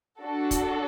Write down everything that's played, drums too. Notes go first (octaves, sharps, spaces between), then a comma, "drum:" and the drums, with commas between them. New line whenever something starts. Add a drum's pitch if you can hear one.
D4 F#4 A4
drum: kick, hi-hat